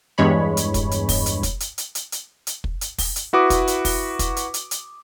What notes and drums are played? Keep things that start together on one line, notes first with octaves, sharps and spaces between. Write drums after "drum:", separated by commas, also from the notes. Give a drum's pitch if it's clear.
E2 G2 G#3 C#5 B5
drum: hi-hat
drum: kick, hi-hat
drum: hi-hat
drum: kick, open hi-hat
drum: hi-hat
drum: kick, hi-hat
drum: hi-hat
drum: hi-hat
drum: hi-hat
drum: hi-hat
drum: hi-hat
drum: kick
drum: hi-hat
drum: kick, open hi-hat
drum: hi-hat
E4 F#4 B4 D6 D#6
drum: kick, hi-hat
drum: hi-hat
drum: kick, open hi-hat
drum: kick, hi-hat
drum: hi-hat
drum: hi-hat
drum: hi-hat